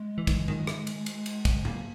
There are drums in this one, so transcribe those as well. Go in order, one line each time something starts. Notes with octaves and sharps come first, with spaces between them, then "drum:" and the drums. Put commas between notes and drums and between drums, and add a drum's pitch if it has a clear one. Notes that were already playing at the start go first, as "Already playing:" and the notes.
Already playing: G#3
E3
D#3, drum: kick, cymbal
E3
D#3, drum: tom G#2
drum: rim click
drum: cymbal
drum: cymbal
drum: cymbal
drum: kick, cymbal
A#3, drum: tom G#2